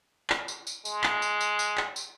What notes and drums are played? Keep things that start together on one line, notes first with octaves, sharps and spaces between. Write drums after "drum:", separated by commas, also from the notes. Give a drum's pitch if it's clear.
drum: clap
drum: tambourine
drum: tambourine
G#3, drum: tambourine
drum: clap
drum: tambourine
drum: tambourine
drum: tambourine
drum: clap
drum: tambourine